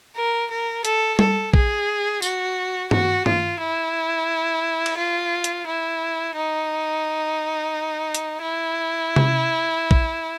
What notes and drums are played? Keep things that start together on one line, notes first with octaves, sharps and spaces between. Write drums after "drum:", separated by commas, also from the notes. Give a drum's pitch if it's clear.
A#4
A#4
A4, drum: hi-hat
A4, drum: tom G3
G#4, drum: kick A#1
F#4, drum: tambourine
F#4, drum: tom
F4, drum: tom
E4
drum: cymbal
F4
drum: hi-hat
E4
D#4
drum: hi-hat
E4
drum: tom C3
drum: kick A#1